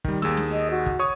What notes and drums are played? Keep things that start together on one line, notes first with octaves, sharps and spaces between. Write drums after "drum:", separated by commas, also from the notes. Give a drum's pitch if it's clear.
D#3 G3, drum: kick
D#2 G#4 E6, drum: snare
drum: snare
D#5
F#4
drum: kick
C#5 C#6 D#6